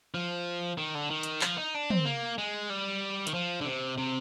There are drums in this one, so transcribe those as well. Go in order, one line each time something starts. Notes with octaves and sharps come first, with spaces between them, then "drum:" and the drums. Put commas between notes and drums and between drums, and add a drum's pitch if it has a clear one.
F3
D#3
D3
D#3
drum: hi-hat
F3, drum: clap
D#4
D4
C4, drum: tom
A#3
G#3
G3
D#3, drum: hi-hat
F3
D3
C3
C3